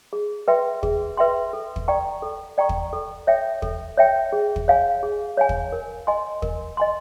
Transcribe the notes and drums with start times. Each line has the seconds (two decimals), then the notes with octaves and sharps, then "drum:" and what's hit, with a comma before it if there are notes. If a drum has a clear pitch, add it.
0.13 G#4
0.48 B4 E5 G5 C6
0.83 G#4, drum: kick
1.17 B4 E5 G5 C6
1.53 A4
1.76 drum: kick
1.88 D5 G5 A#5 C#6
2.22 A4
2.58 D5 G5 A#5 C#6
2.69 drum: kick
2.93 A4
3.27 C#5 E5 G5
3.62 A4, drum: kick
3.97 C#5 E5 G5
4.32 G#4
4.56 drum: kick
4.68 C#5 F5 G#5
5.03 G#4
5.37 C#5 F5 G#5
5.49 drum: kick
5.72 A#4
6.07 D#5 G#5 C6
6.42 A#4, drum: kick
6.77 D#5 G#5 C6